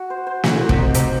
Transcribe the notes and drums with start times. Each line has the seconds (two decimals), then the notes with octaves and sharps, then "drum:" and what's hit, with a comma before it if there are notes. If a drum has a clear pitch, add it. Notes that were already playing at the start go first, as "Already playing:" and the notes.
Already playing: F#4
0.10 C5
0.27 C5
0.44 F#3 F#4, drum: snare
0.61 C5
0.69 C3, drum: kick
0.78 D#4
0.94 C3 C4, drum: hi-hat